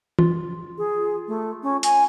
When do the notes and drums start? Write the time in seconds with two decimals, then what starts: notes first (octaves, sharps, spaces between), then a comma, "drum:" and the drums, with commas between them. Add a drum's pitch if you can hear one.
0.19 F4, drum: tom E3
0.78 G#4
1.28 A3
1.63 C#4
1.83 G#5, drum: hi-hat